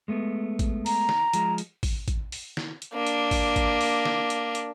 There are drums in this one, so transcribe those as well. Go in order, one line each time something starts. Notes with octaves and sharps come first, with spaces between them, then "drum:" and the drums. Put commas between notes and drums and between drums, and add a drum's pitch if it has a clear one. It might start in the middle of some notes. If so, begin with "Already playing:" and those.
G#3 A3 B3
drum: kick, hi-hat
A#5, drum: open hi-hat
drum: snare
F3 G#3, drum: hi-hat
drum: hi-hat
drum: kick, open hi-hat
drum: kick, hi-hat
drum: open hi-hat
drum: snare
drum: hi-hat
A#3 D4
drum: hi-hat
drum: kick, open hi-hat
drum: kick, hi-hat
drum: open hi-hat
drum: snare
drum: hi-hat
drum: hi-hat